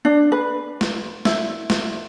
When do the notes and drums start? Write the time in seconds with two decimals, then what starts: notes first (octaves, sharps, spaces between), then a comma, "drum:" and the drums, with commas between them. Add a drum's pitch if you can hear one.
0.05 D4
0.32 B4
0.81 drum: snare
1.25 E4, drum: snare
1.70 drum: snare